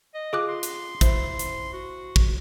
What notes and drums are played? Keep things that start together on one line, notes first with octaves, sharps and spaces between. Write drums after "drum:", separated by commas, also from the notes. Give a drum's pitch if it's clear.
D#5
F4 G#4 D6 F#6
C6
drum: hi-hat
E4 C5, drum: kick, hi-hat
drum: hi-hat
F#4
drum: kick